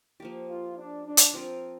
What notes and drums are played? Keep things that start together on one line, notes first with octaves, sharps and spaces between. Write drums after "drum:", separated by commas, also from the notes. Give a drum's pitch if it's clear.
F3 A#3 G4
F4
D4
D4
drum: hi-hat
F3 C4 F4 A#4